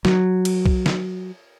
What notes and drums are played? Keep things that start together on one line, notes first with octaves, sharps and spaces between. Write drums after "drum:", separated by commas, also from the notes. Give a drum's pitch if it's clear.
F#3, drum: snare
drum: cymbal
drum: kick B1
drum: snare